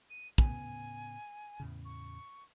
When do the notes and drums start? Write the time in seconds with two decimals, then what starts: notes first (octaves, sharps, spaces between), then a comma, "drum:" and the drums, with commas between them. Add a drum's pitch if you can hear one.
0.10 D#7
0.38 A2 C#3 B3 G#5, drum: kick
1.60 E2 A2 C#3
1.85 C#6